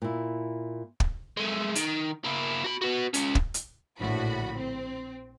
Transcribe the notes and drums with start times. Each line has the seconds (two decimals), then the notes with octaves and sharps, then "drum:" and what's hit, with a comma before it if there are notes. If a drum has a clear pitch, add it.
0.02 A#2 E4
1.00 drum: kick
1.37 G#3 A3
1.75 D#3, drum: hi-hat
2.24 A#3 E4
2.64 F#4 B5
2.81 B3 F#4
3.14 C#4 F4, drum: hi-hat
3.35 drum: kick
3.54 drum: hi-hat
3.99 A#1 A2 D3 F#4 B5
4.56 C4